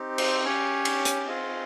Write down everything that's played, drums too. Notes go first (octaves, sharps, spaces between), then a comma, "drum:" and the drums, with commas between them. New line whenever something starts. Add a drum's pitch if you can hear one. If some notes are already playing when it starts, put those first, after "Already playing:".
Already playing: C4 D#4 G4
C5, drum: cymbal
C#4 G4 C#5
drum: cymbal
drum: hi-hat
C4 F4 G#4 D#5